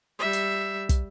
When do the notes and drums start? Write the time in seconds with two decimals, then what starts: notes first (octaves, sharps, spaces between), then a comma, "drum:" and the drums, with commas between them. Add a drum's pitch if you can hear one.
0.19 G3 E5
0.33 drum: hi-hat
0.89 drum: kick, hi-hat